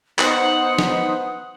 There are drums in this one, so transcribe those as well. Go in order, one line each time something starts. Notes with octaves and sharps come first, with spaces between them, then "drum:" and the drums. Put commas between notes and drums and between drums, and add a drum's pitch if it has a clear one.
B3 D#4 C5 F#5 D#6, drum: clap
drum: snare